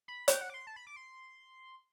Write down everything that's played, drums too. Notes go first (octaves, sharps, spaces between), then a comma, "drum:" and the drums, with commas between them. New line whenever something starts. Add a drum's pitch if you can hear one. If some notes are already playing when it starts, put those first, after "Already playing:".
B5
G5, drum: hi-hat
F#5
D6
C6
A5
B5
D6
C6